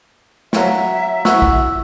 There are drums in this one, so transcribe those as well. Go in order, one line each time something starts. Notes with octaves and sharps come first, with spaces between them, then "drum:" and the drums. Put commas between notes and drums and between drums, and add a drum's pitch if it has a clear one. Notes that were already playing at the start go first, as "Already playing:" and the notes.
F3 F#3 E5 F5 A#5, drum: snare
E4 F#4 E6, drum: snare
drum: kick